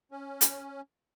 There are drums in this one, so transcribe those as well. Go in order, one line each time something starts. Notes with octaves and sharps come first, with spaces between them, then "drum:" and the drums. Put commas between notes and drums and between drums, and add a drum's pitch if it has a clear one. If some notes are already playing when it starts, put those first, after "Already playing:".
C#4
drum: hi-hat